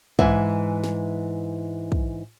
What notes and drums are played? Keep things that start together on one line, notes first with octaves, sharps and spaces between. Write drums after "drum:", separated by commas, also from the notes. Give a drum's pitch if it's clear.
G#2 E3 E5 G#5, drum: kick
drum: snare
drum: kick